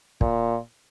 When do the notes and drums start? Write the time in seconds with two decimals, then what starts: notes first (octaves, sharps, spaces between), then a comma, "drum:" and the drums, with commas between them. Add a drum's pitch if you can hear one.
0.21 A#2, drum: kick